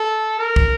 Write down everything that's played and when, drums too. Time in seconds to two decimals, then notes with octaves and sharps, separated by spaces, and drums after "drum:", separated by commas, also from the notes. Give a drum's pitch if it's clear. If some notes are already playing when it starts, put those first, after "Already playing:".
Already playing: A4
0.39 A#4
0.56 drum: kick